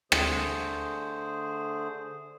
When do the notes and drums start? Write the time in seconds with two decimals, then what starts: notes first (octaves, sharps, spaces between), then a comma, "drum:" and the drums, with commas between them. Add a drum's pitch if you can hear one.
0.12 D3 A3 G#4 C5, drum: rim click